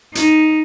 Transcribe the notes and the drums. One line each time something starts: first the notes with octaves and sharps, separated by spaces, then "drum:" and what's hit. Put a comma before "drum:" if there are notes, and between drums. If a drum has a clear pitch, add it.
D#4, drum: hi-hat